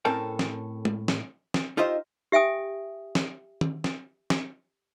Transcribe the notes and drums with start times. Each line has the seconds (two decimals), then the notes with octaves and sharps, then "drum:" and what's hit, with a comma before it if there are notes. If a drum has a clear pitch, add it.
0.05 A2 C4 C#4 A4 A#4 G5
0.39 drum: snare
0.85 drum: tom
1.08 drum: snare
1.54 drum: snare
1.77 D#4 F4 G4 C5 D#5 E5
2.32 G4 E5 G5 G#5 D#6
3.15 drum: snare
3.61 drum: tom
3.84 drum: snare
4.30 drum: snare